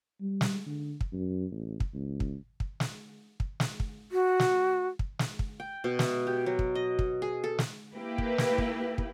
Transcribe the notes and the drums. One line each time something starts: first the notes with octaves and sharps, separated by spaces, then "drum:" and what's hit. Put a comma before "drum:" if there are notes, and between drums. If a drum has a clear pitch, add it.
G3
drum: snare
D3
drum: kick
F#2
A1
drum: kick
C#2
drum: kick
drum: kick
drum: snare
drum: kick
drum: snare
drum: kick
F#4
drum: snare
drum: kick
drum: snare
drum: kick
G5
B2
E5, drum: snare
G4
F#3
drum: kick
D#5
drum: kick
G#4
A4
drum: snare
A#3 E4 G4 B4
drum: kick
drum: snare
drum: kick
drum: kick